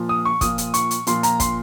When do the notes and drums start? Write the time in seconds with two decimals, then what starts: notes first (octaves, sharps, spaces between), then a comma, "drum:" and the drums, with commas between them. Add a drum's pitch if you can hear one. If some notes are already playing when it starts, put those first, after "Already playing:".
Already playing: A#2 F3
0.09 D#6
0.25 C#6
0.41 A#2 F3 D#6, drum: kick, hi-hat
0.58 drum: hi-hat
0.74 C#6, drum: hi-hat
0.91 drum: hi-hat
1.07 A#2 F3 C6, drum: hi-hat
1.23 A#5, drum: hi-hat
1.40 C6, drum: kick, hi-hat